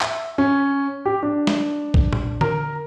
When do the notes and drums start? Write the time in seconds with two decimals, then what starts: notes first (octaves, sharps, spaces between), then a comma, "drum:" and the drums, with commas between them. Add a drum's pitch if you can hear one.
0.01 E5, drum: clap
0.38 C#4
1.05 G4
1.23 D4
1.47 drum: snare
1.94 drum: kick A#1
2.13 drum: tom A#2
2.41 A#4, drum: tom D3